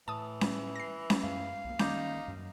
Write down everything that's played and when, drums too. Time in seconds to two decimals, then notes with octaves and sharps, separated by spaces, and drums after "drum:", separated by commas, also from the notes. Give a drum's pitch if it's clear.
0.08 A2 E3 A5 D#6
0.41 drum: snare C#4
0.76 A#6 C7
1.10 drum: snare C#4
1.23 F#2 F5
1.65 B1 A#3
1.79 D#3 A#3 C#4 D#4 D6 G6, drum: snare C#4
2.28 F#2